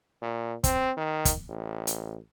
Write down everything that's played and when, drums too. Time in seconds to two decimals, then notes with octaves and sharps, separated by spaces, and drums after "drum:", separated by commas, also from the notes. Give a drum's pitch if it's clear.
0.22 A#2
0.64 C4, drum: kick, hi-hat
0.97 D#3
1.25 drum: kick, hi-hat
1.49 A1
1.87 drum: hi-hat